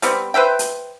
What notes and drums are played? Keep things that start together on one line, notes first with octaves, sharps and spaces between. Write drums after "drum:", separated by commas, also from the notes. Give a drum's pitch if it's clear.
G3 B3 C4, drum: hi-hat
B4 C5 E5 G5
drum: hi-hat